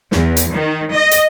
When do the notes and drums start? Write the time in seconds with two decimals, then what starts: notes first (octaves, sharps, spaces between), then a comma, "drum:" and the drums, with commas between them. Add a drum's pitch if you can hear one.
0.12 E2, drum: snare
0.37 drum: hi-hat
0.53 D#3
0.92 D#5
1.11 drum: hi-hat